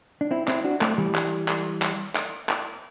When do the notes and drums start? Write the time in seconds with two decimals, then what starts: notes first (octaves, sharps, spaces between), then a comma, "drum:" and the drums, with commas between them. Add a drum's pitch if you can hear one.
0.21 D4
0.31 C4 E4
0.48 C4 E4, drum: clap
0.64 D4 F#4
0.81 A3 C4, drum: clap
0.98 E3 G3
1.15 drum: clap
1.48 drum: clap
1.82 drum: clap
2.16 drum: clap
2.49 drum: clap